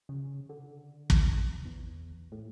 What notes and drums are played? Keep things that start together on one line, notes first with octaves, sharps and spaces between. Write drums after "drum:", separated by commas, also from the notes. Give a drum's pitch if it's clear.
C#3
D3
drum: kick
E2
A2